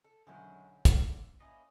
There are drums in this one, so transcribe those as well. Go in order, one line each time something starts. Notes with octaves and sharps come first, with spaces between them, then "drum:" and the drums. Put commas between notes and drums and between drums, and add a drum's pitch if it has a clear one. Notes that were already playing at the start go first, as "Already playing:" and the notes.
A4
B1 D3 D#3 F#3 G#3 C#4 E4 C5
G2 A#2 E3, drum: kick, hi-hat
A#2 C#4 E4 D#5